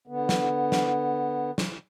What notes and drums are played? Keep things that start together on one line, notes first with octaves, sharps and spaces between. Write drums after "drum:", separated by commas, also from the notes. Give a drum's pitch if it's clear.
D3 B3
drum: snare
drum: snare
drum: snare